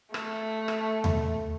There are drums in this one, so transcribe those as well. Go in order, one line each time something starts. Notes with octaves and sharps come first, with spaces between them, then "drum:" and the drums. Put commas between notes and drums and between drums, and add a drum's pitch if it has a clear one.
A3, drum: rim click
drum: rim click
drum: tom D#2